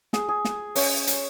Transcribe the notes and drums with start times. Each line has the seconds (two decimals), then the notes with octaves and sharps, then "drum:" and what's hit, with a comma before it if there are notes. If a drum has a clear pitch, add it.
0.13 G#4, drum: snare
0.29 G#4
0.45 drum: snare
0.75 C#4, drum: open hi-hat
1.07 drum: hi-hat